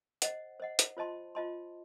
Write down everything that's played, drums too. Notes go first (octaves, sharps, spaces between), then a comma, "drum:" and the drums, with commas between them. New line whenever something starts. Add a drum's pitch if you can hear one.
C5 D#5 F#5, drum: hi-hat
C5 D#5 F#5
drum: hi-hat
F4 C5 D#5 A5 C6
F4 C5 D#5 A5 C6